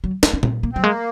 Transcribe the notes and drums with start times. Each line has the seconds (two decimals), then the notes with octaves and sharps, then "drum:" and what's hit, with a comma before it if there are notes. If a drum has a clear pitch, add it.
0.04 F#3
0.23 G#3, drum: snare
0.33 C#4
0.43 C4, drum: tom A#2
0.63 A#3
0.73 F#3 C4
0.83 G#3 A#3